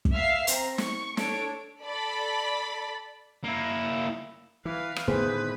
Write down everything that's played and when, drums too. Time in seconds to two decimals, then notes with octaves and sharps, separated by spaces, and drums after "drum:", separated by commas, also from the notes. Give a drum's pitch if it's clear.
0.05 drum: kick
0.14 E5 F5 F6 C7
0.47 C4 A#5, drum: hi-hat
0.78 C#6, drum: snare
1.17 D4 A4 C#5 D7, drum: snare
1.83 A4 D5 B5
3.44 A#3 E4
4.65 E3 B4 F5
4.96 drum: rim click
5.08 A2 D3 D#3 B3 G#4 B4 C5